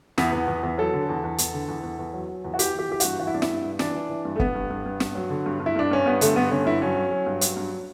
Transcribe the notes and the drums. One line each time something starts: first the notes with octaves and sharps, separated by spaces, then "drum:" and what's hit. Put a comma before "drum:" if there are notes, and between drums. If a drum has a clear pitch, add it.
E2 B3, drum: snare
E2
E2
E2
F#3 A4
D3
E2
E2
E2, drum: hi-hat
D3
E2
E2
E2
F#3
F#3
E2
F#4
E3 G4, drum: hi-hat
E3 G4
E3 G4
G2 F#4, drum: hi-hat
E3 F#4
E4
G2 D4
E4, drum: snare
G2
G2
E3 D4, drum: snare
E3
E3
G2
A3
G2 B3, drum: kick
G2
G2
G2
G2, drum: snare
F#3
D3
G2
G2
E4
G2 D4
G2 C#4
G2 B3
D3 A3, drum: hi-hat
G2 B3
D3 C#4
G2 E4
F#3 C#4
F#3
F#3
G2
F#3, drum: hi-hat
G2